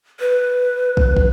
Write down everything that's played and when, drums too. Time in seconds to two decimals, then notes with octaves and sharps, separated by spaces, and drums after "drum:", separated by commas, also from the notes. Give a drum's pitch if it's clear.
0.20 B4
0.97 drum: kick
1.17 drum: kick